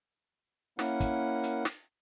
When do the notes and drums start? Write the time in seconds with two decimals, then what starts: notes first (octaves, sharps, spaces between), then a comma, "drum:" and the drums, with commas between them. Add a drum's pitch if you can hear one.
0.79 A#3 C#4 E4 A#4 F#5, drum: snare
1.00 drum: kick, hi-hat
1.44 drum: hi-hat
1.65 drum: snare